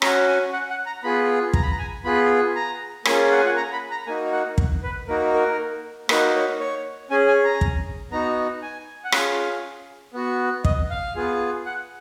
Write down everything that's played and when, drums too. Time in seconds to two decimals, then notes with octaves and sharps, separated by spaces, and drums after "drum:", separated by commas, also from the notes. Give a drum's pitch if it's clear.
0.02 C#4 F#4 A#5, drum: rim click
0.28 G#5
0.53 F#5
0.70 F#5
0.86 A#5
1.04 B3 F4 G#4 B5
1.53 A#5, drum: kick
1.63 B5
1.71 A#5
1.79 G#5
2.04 B3 F4 G#4 B5
2.56 A#5
3.05 A#3 C#4 F4 G#4 G#5, drum: rim click
3.32 F#5
3.38 G#5
3.45 F#5
3.57 A#5
3.73 B5
3.91 A#5
4.07 A#3 D#4 F#4 G#5
4.32 F#5
4.58 drum: kick
4.83 B4
5.08 A#3 D#4 F#4 A#4
5.34 A#4
6.09 A#3 D#4 F#4 B4, drum: rim click
6.35 C#5
6.59 C#5
7.11 C#4 G#4 G#5
7.28 G#5
7.44 A#5
7.61 drum: kick
8.11 B3 D#4 F#4 A#5
8.62 G#5
9.04 F#5
9.12 C#4 F4 G#4 F5, drum: rim click
10.14 B3 F#4
10.64 D#5, drum: kick
10.90 F5
11.16 B3 F4 G#4
11.66 F#5